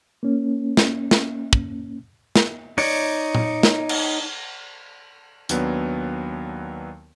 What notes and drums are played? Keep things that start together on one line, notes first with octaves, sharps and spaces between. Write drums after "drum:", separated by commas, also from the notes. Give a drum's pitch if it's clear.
A#3 C#4
drum: snare
drum: snare
drum: kick
drum: snare
D#4 C#5 D5, drum: open hi-hat
drum: tom A#2
drum: snare
drum: cymbal
D#2 F#3 B3 D4, drum: hi-hat